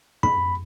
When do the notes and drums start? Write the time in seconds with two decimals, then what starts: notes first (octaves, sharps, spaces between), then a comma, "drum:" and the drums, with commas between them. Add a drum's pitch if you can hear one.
0.23 B5, drum: tom